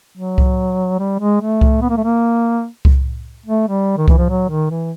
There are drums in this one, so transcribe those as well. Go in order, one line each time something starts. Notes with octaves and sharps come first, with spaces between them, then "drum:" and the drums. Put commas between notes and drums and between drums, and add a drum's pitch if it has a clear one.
F#3
drum: kick C2
G3
G#3
A3
drum: kick C2
B3
A#3
A3
A#3
drum: kick C2
A3
G3
D#3
E3, drum: kick C2
F3
F#3
D#3
E3